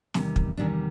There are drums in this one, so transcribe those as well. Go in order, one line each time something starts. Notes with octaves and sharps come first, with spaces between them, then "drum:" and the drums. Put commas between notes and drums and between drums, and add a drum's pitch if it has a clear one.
E2 C3 D#3 G3, drum: snare
drum: kick
E2 C3 D#3 G3 D4